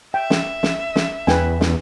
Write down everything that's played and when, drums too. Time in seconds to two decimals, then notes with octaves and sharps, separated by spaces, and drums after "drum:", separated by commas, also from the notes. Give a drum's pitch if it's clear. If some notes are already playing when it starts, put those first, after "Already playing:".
0.14 E5 G5
0.30 drum: snare
0.63 drum: snare
0.96 drum: snare
1.27 E2 B4 G5 G#5, drum: snare
1.61 drum: snare